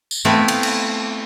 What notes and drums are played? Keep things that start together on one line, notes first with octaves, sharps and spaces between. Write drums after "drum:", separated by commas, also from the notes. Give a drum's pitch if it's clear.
drum: tambourine
A3 B3 C4 E4 F4
drum: cymbal
drum: cymbal